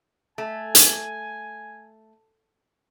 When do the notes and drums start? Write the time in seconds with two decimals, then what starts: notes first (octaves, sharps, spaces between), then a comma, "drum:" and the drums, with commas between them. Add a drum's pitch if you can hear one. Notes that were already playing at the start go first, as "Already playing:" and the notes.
0.38 A3 G#5
0.75 drum: hi-hat